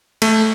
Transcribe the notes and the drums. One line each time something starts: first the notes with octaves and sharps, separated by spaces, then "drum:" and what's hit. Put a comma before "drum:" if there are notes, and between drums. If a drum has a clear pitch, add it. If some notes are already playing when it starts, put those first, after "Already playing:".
A3, drum: cymbal